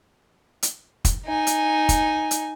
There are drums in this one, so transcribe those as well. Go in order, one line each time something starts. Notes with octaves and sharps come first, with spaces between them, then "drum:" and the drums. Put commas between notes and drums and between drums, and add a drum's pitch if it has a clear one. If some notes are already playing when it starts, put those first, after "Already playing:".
drum: hi-hat
drum: kick, hi-hat
D#4 G#5
drum: hi-hat
drum: kick, hi-hat
drum: hi-hat